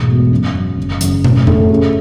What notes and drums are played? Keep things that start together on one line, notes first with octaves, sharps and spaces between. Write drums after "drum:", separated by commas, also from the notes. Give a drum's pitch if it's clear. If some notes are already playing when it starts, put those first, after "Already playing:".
Already playing: E1 G#2 A3
B2
F#2
F#2
F#1
F#1, drum: hi-hat
A2, drum: tom
A3, drum: tom F2
C#3